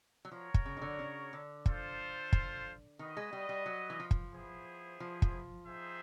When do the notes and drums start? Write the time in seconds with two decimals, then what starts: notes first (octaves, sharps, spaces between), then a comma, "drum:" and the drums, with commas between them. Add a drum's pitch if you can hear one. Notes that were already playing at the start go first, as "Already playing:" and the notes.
0.25 F#3
0.32 F3 F#4 A#4 C#5
0.54 drum: kick
0.66 C#3
0.77 D#3
0.82 D3
0.99 C#3
1.33 D3
1.66 F4 A4 C5 F5, drum: kick
2.33 drum: kick
2.99 D#3 F#4 B4 D#5
3.17 G#3
3.33 G3
3.49 G3
3.66 F#3
3.90 E3
4.00 F3
4.11 drum: kick
4.32 B3 E4 G#4 C5
5.00 F3
5.22 drum: kick
5.66 C4 D#4 G#4 C5 E5